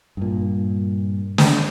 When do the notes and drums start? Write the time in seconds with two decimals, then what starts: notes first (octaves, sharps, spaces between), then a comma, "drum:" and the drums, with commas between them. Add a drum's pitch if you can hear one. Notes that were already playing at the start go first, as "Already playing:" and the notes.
0.17 G2 A#2
1.38 drum: snare